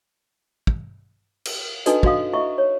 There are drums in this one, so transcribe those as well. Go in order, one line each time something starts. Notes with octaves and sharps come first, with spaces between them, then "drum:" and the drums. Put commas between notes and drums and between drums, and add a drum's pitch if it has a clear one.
drum: kick
drum: cymbal
D4 D#4 F#4 A4 B4 D#5, drum: hi-hat
D4 F#4 D#5 F5 D#6, drum: kick
E4 D#5 E5 C#6
C#5